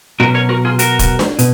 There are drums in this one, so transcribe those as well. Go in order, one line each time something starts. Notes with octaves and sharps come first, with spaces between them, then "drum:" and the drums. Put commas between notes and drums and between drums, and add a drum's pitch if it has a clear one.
B2 F#3 C#4 F#4 A#4
A#4 C#5
F#4 A#4
F4 G#4
F#4 A#4, drum: hi-hat
drum: kick, hi-hat
drum: snare D4
B2, drum: hi-hat